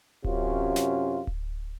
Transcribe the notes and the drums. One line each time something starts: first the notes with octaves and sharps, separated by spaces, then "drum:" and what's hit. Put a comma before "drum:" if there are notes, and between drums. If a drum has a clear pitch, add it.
F#2 C3 C#4 F4, drum: kick D1
drum: snare
drum: kick D1